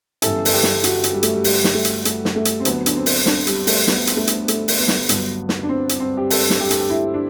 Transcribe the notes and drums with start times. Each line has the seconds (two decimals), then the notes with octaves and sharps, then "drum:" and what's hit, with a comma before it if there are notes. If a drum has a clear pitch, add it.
0.22 G1 F#2 E3 G3 A4, drum: hi-hat
0.45 A4, drum: open hi-hat
0.53 G4
0.63 drum: snare
0.84 F#4, drum: hi-hat
1.04 drum: hi-hat
1.13 G3
1.23 A3, drum: hi-hat
1.33 G3
1.44 G3, drum: open hi-hat
1.64 drum: snare
1.74 A3
1.85 drum: hi-hat
2.05 A3, drum: hi-hat
2.25 drum: snare
2.36 A3
2.45 drum: hi-hat
2.60 C4
2.65 D2 D3 F#3 B3, drum: hi-hat
2.86 D4, drum: hi-hat
2.96 C4
3.06 drum: open hi-hat
3.26 D4, drum: snare
3.47 G3, drum: hi-hat
3.67 A3, drum: open hi-hat
3.87 B3, drum: snare
4.07 drum: hi-hat
4.17 A3
4.27 drum: hi-hat
4.48 A3, drum: hi-hat
4.68 drum: open hi-hat
4.78 B3
4.88 drum: snare
5.09 G1 G2 F#3, drum: hi-hat
5.49 drum: snare
5.63 D4
5.69 C4
5.89 drum: hi-hat
6.00 C4
6.17 G4
6.30 A4, drum: open hi-hat
6.50 drum: snare
6.61 G4
6.71 A4, drum: hi-hat
6.80 G4
6.90 E4
7.14 D4